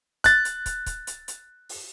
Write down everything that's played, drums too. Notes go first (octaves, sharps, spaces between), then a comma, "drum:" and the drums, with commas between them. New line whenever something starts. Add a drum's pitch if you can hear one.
F#6 A6, drum: kick, hi-hat
drum: hi-hat
drum: kick, hi-hat
drum: kick, hi-hat
drum: hi-hat
drum: hi-hat
drum: open hi-hat